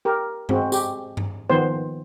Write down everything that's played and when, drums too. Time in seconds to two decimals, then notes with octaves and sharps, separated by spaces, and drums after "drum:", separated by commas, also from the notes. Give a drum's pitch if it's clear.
0.05 G4 A#4
0.49 G#3 C4 F#4, drum: tom G2
0.72 G4, drum: tambourine
1.17 drum: tom G2
1.50 D#3 F3 B3 C5